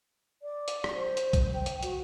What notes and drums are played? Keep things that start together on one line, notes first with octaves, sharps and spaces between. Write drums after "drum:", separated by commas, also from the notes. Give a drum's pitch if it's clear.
D5
drum: hi-hat
drum: rim click
C5
drum: hi-hat
drum: kick A#1, hi-hat
G5
drum: hi-hat
F#4, drum: hi-hat